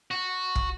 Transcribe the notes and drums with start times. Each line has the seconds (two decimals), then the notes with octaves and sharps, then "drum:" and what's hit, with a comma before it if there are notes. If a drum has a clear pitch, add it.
0.11 F#4
0.55 drum: kick